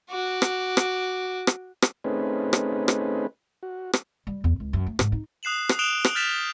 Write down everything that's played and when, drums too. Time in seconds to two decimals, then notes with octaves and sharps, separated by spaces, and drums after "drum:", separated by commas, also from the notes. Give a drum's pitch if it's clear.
0.10 F#4 D6
0.42 drum: rim click
0.77 drum: rim click
1.47 drum: rim click
1.82 drum: rim click
2.04 A3 C4 C#4 D#4 G#4 B4
2.53 drum: rim click
2.88 drum: rim click
3.63 F#4
3.93 drum: rim click
4.27 G3
4.44 E2
4.60 C#2
4.73 F#2
4.87 A3
4.99 G#2, drum: rim click
5.12 D#4
5.43 D#6 F#6 C7 E7 F#7
5.69 drum: rim click
5.79 D#6 F#6 D7 E7 F7 G7
6.04 drum: rim click
6.15 F6 G6 A6 B6 E7 F7